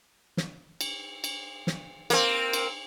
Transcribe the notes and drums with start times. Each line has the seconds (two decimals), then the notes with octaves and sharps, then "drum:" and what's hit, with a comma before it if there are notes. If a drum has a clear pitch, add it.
0.37 drum: snare
0.81 drum: cymbal
1.24 drum: cymbal
1.67 drum: snare
2.10 A#3 C4, drum: cymbal
2.53 drum: cymbal